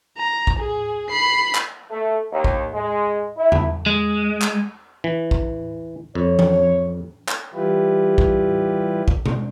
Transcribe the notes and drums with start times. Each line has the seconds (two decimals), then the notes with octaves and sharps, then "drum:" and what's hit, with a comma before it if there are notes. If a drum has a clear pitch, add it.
0.18 A#5
0.47 drum: kick A#1
0.59 G#4
1.10 B5 C7
1.55 drum: clap
1.91 A3
2.31 D#2
2.44 drum: kick A#1
2.74 G#3
3.37 E4
3.52 drum: tom E2
3.86 G#3
4.42 drum: clap
5.04 E3
5.31 drum: kick A#1
6.15 F2 C#5
6.39 drum: tom E3
7.28 drum: clap
7.54 E3 G3 E4 F4 G4 B4
8.18 drum: kick A#1
9.08 drum: kick A#1
9.26 drum: tom B2